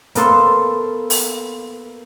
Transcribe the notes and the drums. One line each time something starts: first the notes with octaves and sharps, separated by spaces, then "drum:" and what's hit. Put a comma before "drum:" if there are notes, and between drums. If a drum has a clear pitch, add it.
A#3 B3 A4 C6 E6, drum: hi-hat
drum: open hi-hat